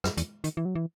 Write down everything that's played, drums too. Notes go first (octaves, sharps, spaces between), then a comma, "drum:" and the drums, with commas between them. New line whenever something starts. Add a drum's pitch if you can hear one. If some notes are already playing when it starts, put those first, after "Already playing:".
F#2, drum: rim click
E2, drum: hi-hat
D#3, drum: hi-hat
E3
F#3
E3